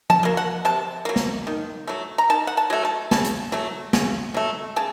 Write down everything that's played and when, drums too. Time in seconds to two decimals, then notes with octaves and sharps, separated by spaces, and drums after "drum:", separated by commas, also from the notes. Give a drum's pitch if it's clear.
0.10 A5, drum: tom F3
0.23 F#3 A#3
0.37 F#5
0.65 C3 A5
1.05 F#3 A#3
1.16 drum: snare
1.47 D#3
1.87 F#3 A3
2.18 A#5
2.30 D#3 A5
2.47 F#5
2.57 A5
2.70 F#3 A3
2.85 A5
3.11 C#3 A5, drum: snare
3.25 drum: hi-hat
3.52 F#3 A3
3.93 C#3, drum: snare
4.34 F#3 A3
4.76 C#3 A5